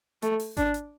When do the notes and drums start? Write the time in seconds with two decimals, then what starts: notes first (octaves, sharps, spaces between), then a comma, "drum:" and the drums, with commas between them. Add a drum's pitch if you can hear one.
0.22 A3, drum: hi-hat
0.40 drum: open hi-hat
0.57 D4, drum: kick G#1, hi-hat
0.74 drum: hi-hat